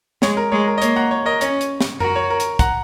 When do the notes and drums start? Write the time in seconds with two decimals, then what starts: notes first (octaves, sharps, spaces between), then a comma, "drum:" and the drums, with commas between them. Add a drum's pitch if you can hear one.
0.22 G#3 C#5, drum: snare
0.37 A#4
0.52 G#3 C#5
0.67 A#4
0.78 D#5
0.82 A#3 C#5, drum: hi-hat
0.96 F#5 A#5
1.11 C#5
1.26 A#4 D#5
1.41 C#4 C#5, drum: hi-hat
1.61 drum: hi-hat
1.81 drum: snare
2.00 F#4 A#4, drum: tom F#2
2.16 C#5
2.30 A#4
2.40 drum: hi-hat
2.59 F#5 A#5, drum: kick, hi-hat